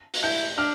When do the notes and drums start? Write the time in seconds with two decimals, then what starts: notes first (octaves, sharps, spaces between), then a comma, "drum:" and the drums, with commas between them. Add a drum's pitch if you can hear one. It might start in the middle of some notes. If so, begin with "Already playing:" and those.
0.14 drum: open hi-hat
0.23 E4 G6
0.58 D4 F6